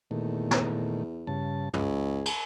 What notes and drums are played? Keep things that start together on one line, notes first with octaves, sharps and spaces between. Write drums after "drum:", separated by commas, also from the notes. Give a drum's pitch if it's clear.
E2 A#2 D#3 A3
drum: snare
G2 C#3 A5
C#2 G#4, drum: tom
drum: cymbal